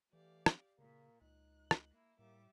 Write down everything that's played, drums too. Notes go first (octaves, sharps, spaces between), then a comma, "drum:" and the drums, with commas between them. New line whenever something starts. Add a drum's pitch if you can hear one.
E3 A3 G4 D5 F5
drum: rim click
A#2 C#3 A#3
C#2 D#4 F#6
drum: rim click
A#3 E4
A2 G3 A#3 E5 D6